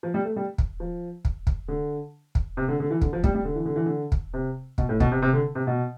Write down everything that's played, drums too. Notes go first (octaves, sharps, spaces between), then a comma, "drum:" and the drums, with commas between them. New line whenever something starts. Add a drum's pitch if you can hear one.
F3
G3
A3
G3
drum: kick
F3
drum: kick
drum: kick
D3
drum: kick
C3
D3
D3
E3
D3, drum: kick
F3
G3, drum: kick
G3
D3
E3
D3
E3
D3
drum: kick
C3
B2, drum: kick
A2
B2, drum: kick
C3
C3
D3
C3
B2